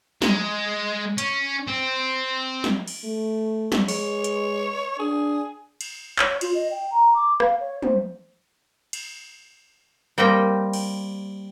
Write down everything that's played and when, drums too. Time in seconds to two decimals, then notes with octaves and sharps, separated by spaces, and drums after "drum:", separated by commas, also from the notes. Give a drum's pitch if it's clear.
0.22 G#3, drum: snare
1.18 C#4, drum: hi-hat
1.68 C4
2.64 drum: snare
2.88 drum: cymbal
3.04 A3
3.72 drum: snare
3.88 G#3 C#5, drum: open hi-hat
4.24 drum: hi-hat
4.99 D4 G#4
5.81 drum: cymbal
6.19 C#5, drum: clap
6.41 F4, drum: cymbal
6.54 D#5
6.71 G5
6.91 A#5
7.13 D6
7.40 F5, drum: rim click
7.60 C#5
7.82 C5, drum: tom
8.93 drum: cymbal
10.18 G3 A#3 C4 G4 D#5 G5
10.73 drum: cymbal